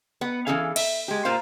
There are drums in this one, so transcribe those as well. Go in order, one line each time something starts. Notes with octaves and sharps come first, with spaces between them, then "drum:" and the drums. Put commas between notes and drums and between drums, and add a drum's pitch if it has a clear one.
B3 F#5
E3 C#4 G#4 A4 F5
E5, drum: cymbal
G#3 G4
A#2 F4 A#4 C5 F5